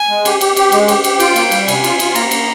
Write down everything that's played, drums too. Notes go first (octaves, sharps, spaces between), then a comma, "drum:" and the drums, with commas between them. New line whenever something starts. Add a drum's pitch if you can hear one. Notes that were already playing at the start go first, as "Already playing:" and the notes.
Already playing: G#5
G#3
G4, drum: cymbal
G4, drum: cymbal
G4, drum: cymbal
G#3, drum: cymbal
G4, drum: cymbal
G4, drum: cymbal
F4 G5, drum: cymbal
A#3, drum: cymbal
G3, drum: cymbal
C3 G#5, drum: cymbal
F4, drum: cymbal
F4, drum: cymbal
A#3 A#5, drum: cymbal
A#3, drum: cymbal